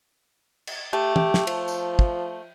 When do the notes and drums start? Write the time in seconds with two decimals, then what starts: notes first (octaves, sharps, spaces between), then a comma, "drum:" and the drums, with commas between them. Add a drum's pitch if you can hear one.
0.67 drum: cymbal
0.93 A3 G4
1.16 G4, drum: tom
1.34 drum: snare
1.47 F3, drum: cymbal
1.68 drum: tambourine
1.99 drum: kick